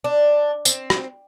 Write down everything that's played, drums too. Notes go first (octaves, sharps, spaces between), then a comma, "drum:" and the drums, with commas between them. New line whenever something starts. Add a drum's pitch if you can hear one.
D4
C4, drum: tambourine
drum: rim click